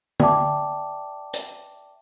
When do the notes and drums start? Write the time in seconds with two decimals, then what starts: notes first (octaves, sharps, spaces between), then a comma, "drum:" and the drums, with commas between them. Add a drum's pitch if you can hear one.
0.20 D5 E5 G5 A5 D6, drum: tom
1.33 drum: hi-hat